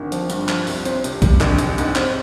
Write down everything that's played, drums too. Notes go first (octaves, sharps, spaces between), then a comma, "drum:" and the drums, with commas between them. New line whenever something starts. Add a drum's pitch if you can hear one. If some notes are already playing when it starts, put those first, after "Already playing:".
Already playing: G#1 D3
F3, drum: hi-hat
G2, drum: hi-hat
F3, drum: clap
C2, drum: open hi-hat
C4, drum: hi-hat
C3, drum: hi-hat
G3, drum: kick B1, hi-hat
A#1, drum: clap
A#1, drum: hi-hat
G#2, drum: hi-hat
C4, drum: clap